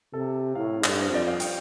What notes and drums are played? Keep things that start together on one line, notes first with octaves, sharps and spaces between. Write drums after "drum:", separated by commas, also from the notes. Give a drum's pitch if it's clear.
C3 A4
A2 F5
G2 A4, drum: clap
C5
F2 D5
F5
G5, drum: hi-hat